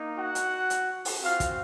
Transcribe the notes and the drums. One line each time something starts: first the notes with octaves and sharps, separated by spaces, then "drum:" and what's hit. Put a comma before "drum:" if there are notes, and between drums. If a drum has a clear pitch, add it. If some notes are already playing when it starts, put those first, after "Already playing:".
Already playing: A#3 D#4
F#4 F#5
drum: hi-hat
drum: hi-hat
drum: open hi-hat
C4 F4 F#4 F5
drum: kick, hi-hat